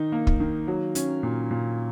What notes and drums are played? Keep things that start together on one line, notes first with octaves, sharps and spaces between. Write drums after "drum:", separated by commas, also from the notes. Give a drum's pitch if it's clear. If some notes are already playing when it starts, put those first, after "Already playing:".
Already playing: D#3 D#4
A#3
drum: kick
D#3
F#3
C#4, drum: hi-hat
A#2
A#2